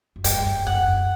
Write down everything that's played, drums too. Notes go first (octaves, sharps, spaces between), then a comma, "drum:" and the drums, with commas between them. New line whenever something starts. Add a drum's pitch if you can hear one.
F#2
G2 G5, drum: hi-hat
G2
F#2 F#5
F#2